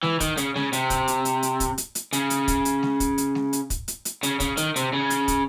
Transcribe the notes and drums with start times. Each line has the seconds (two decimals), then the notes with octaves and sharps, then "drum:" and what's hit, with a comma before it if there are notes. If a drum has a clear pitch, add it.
0.03 E3, drum: snare G#3
0.20 D#3, drum: kick, hi-hat
0.37 C#3, drum: hi-hat
0.56 C#3, drum: snare G#3
0.73 C3, drum: hi-hat
0.90 drum: kick, hi-hat
1.08 drum: hi-hat
1.25 drum: hi-hat
1.43 drum: hi-hat
1.60 drum: kick, hi-hat
1.78 drum: hi-hat
1.95 drum: hi-hat
2.13 C#3, drum: hi-hat
2.30 drum: hi-hat
2.48 drum: kick, hi-hat
2.65 drum: hi-hat
2.83 drum: snare G#3
3.00 drum: kick, hi-hat
3.18 drum: hi-hat
3.35 drum: snare G#3
3.53 drum: hi-hat
3.70 drum: kick, hi-hat
3.88 drum: hi-hat
4.05 drum: hi-hat
4.23 C#3, drum: hi-hat
4.40 C#3, drum: kick, hi-hat
4.57 D#3, drum: hi-hat
4.76 C3, drum: hi-hat
4.93 C#3
5.10 drum: hi-hat
5.28 drum: kick, hi-hat